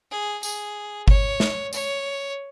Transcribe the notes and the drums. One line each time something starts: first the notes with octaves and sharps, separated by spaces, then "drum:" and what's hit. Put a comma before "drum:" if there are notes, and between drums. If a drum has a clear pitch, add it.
G#4
G#4, drum: tambourine
C#5, drum: kick G1
drum: snare
C#5, drum: tambourine